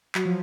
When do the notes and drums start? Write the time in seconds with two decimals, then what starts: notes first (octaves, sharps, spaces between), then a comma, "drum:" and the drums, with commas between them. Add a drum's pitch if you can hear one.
0.15 F#3, drum: clap
0.25 F3